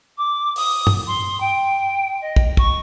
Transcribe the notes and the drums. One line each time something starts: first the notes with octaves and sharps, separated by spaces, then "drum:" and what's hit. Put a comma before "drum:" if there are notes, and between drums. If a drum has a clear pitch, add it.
D6
D#6, drum: open hi-hat
drum: tom
C6
G5
D#5
drum: kick
C#6, drum: kick